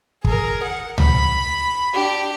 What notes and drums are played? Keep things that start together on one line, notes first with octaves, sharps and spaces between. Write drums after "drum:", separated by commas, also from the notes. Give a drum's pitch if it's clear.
G#4 A#4, drum: kick
F#5
B5, drum: tom C#2
D4 G4